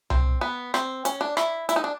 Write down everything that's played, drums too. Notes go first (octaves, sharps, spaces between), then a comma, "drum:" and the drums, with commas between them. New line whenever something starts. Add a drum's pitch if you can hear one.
C4, drum: tom C2
B3
C4, drum: rim click
C#4, drum: hi-hat
D4
E4, drum: rim click
E4, drum: hi-hat
D#4
D4